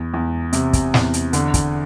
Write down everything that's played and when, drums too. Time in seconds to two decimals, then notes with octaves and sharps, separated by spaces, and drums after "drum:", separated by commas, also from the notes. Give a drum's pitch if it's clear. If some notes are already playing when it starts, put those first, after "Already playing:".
Already playing: E2
0.14 E2
0.53 C3, drum: hi-hat
0.73 drum: kick, hi-hat
0.94 E2, drum: snare
1.14 drum: hi-hat
1.33 D3, drum: hi-hat
1.54 drum: kick, hi-hat